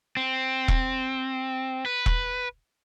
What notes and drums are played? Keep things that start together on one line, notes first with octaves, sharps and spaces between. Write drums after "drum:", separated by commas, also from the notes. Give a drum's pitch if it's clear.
C4
drum: kick E1
B4
drum: kick E1